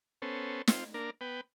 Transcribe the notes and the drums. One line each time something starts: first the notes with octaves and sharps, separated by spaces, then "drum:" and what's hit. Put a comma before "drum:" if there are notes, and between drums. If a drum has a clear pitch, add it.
B3 C#4 A4 C5
C4 F4, drum: snare
A#3 D4 A#4
B3 B4 G5